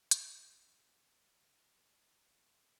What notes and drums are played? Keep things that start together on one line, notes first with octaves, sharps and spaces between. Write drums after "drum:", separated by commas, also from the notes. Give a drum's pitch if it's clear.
F#3 D5, drum: hi-hat
G#5
A5
F3
E3
F3
G3
G#3 A#5
B5
C6
C#6